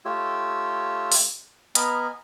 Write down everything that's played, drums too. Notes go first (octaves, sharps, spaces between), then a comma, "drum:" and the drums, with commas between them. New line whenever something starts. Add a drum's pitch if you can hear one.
A3 F4 G4 C#5 E6
drum: open hi-hat
B3 D#5 G#5 A#5 B5 F6, drum: hi-hat